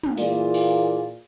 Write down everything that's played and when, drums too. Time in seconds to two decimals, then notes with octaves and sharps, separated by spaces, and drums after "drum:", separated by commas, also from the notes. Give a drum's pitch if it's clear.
0.03 drum: tom
0.17 A#2 E3 A#3 F4 G#4 D5, drum: open hi-hat
0.54 drum: cymbal